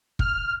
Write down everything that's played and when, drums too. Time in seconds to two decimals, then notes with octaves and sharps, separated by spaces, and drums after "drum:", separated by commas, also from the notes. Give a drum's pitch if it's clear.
0.19 F6, drum: kick